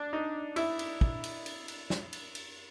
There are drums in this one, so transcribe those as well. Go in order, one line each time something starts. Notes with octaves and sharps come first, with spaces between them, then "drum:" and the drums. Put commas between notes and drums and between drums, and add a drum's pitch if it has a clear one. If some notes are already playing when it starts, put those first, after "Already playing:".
Already playing: D4
D#4
E4, drum: cymbal
drum: cymbal
drum: kick
drum: cymbal
drum: cymbal
drum: cymbal
drum: snare
drum: cymbal
drum: cymbal